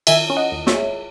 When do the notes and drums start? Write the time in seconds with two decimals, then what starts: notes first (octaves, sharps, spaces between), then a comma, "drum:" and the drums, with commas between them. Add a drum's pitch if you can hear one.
0.07 D#3 E5 G#5, drum: cymbal
0.30 C#4
0.37 D#5 F#5
0.52 D#2
0.67 C#5 E5, drum: snare
0.74 G#3